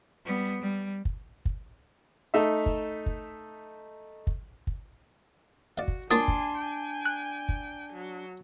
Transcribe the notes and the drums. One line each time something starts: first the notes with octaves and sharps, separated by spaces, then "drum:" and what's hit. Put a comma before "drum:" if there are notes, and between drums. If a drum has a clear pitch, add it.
G3 B3
G3
drum: kick
drum: kick
A3 D#4 E5
drum: kick
drum: kick
drum: kick
drum: kick
F#4 D5 F5
drum: kick
A#3 D4 F4 C#5 G#5 C6 D#6 A6
drum: kick
G5 G#5
F#6
drum: kick
F#3